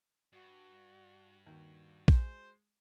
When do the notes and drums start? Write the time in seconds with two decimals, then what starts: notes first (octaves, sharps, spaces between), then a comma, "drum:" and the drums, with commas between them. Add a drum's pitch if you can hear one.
0.33 G2 F#4
1.47 D#2 F#4
2.08 G#3 C5, drum: kick